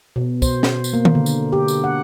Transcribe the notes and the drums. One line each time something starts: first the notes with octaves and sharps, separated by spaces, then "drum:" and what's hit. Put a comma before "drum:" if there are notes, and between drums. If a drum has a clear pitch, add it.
B2
C5, drum: kick, tambourine
drum: snare
drum: tambourine
A#3
drum: tom D#3
D3
drum: tambourine
G4
drum: tambourine
F#5